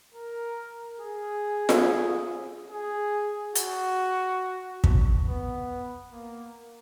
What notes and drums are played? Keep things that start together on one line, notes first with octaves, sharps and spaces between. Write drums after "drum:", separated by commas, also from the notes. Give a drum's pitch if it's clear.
A#4
G#4
drum: snare F4
G#4
F#4, drum: hi-hat
drum: kick
B3
A#3